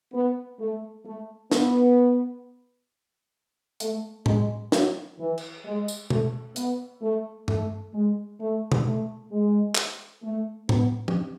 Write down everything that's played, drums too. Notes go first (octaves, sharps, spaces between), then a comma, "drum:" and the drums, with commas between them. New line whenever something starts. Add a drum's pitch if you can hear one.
B3
A3
A3
B3, drum: snare
A3, drum: hi-hat
G#3, drum: tom A2
F#3, drum: snare
E3
drum: cymbal
G#3
drum: tambourine
A3, drum: tom
B3, drum: hi-hat
A3
A3, drum: tom G2
G#3
A3
drum: tom
A3
G#3
drum: clap
A3
B3, drum: tom A2
drum: tom